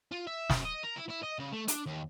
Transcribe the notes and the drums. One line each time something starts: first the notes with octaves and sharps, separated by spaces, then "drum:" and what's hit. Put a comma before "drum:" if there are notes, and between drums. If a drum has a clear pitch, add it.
F4
E5
F#2, drum: snare
D#5
A#4
E4
E4
D#5
C#3
A3
D4, drum: hi-hat
D#2